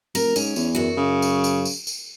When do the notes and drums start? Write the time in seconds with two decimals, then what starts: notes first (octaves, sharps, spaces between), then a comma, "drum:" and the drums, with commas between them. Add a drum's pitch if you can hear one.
0.15 F1 A#4, drum: tambourine
0.36 G#2 C#4, drum: tambourine
0.56 E2, drum: tambourine
0.75 F#2 F#4
0.97 C#3
1.22 drum: tambourine
1.44 drum: tambourine
1.65 drum: tambourine
1.87 drum: tambourine